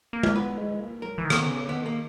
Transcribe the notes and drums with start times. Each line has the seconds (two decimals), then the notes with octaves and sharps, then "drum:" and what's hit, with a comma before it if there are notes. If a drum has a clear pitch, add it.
0.13 A#3
0.23 drum: tom G#3
0.36 B3 B4
0.58 G#3
0.80 A#3
1.02 F#3 A#4
1.18 E3
1.25 D#3
1.30 A#3, drum: rim click
1.36 B3
1.47 C#3
1.69 D#3 B3
1.86 A#3